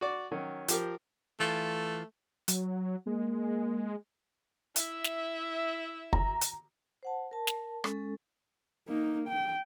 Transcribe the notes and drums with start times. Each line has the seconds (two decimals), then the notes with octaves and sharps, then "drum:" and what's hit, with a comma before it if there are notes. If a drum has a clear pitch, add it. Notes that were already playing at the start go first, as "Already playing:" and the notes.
0.01 F#4 D5
0.31 D#3 F#3 C#4
0.68 F3 G4 A#4, drum: hi-hat
1.40 E3 A3 F4
2.48 F#3, drum: hi-hat
3.07 G#3 A#3
4.76 E4 E5, drum: hi-hat
5.04 drum: snare
6.13 A#5, drum: kick
6.41 drum: hi-hat
7.03 C5 F#5 A5
7.31 A#4 A5
7.47 drum: snare
7.84 G#3 C#4 A4, drum: rim click
8.88 A#3 D#4
9.29 G5